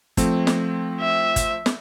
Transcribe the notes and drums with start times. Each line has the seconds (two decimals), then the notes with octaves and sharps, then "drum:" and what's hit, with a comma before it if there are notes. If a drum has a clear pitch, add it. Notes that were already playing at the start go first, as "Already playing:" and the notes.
0.17 F3 A3 C4, drum: kick, hi-hat
0.47 drum: snare
1.01 E5
1.36 drum: kick, hi-hat
1.66 drum: snare